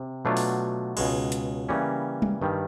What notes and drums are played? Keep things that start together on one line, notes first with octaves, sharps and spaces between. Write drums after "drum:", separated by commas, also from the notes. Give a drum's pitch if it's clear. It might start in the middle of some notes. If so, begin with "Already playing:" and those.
Already playing: C3
B2 F#3 A3 D4 F4
drum: open hi-hat
C#2 B2 G#3, drum: cymbal
drum: hi-hat
C#3 E3 G3 A#3 C#4
drum: tom G3
G2 D#3 G3